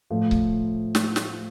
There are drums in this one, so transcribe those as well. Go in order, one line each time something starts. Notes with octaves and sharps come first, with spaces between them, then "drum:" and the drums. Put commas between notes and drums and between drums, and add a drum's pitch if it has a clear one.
A2 F3 A3
drum: kick C#1
drum: snare
drum: snare